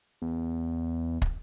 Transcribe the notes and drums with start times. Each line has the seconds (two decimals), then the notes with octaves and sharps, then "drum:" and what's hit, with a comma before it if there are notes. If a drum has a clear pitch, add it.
0.22 E2
1.22 drum: kick